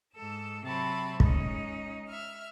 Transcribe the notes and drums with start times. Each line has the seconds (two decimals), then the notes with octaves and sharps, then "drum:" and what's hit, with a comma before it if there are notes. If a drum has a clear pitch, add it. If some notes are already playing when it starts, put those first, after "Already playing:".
0.13 G#2 A4 E6
0.63 C3 F#3 C4 A5 B5 C#6
1.20 G#3 C#4 D#4, drum: kick
2.08 E5 F6